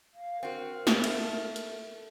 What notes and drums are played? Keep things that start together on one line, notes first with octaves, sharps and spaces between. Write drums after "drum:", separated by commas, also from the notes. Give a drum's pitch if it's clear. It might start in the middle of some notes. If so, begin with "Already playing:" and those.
F5
C4 F#4 A#4
drum: snare
A3, drum: cymbal
drum: hi-hat